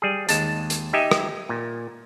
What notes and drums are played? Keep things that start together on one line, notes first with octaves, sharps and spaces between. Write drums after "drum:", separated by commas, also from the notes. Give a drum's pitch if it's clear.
G3 G#4
D#2 G#3 A5, drum: hi-hat
drum: hi-hat
D#4 G4 D#5 E5 G#5
drum: rim click
A#2